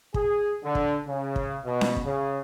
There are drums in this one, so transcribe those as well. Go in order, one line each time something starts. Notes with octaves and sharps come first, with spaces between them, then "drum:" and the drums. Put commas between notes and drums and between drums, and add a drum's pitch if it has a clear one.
G#4, drum: kick
D3
drum: kick
C#3
drum: kick
B2
drum: snare C#4
drum: kick
C#3